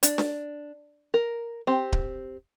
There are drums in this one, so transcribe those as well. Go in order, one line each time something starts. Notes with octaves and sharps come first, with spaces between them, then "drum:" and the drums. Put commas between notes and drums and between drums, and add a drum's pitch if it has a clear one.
D4, drum: hi-hat
drum: snare D4
A#4
C4 G4
drum: kick D1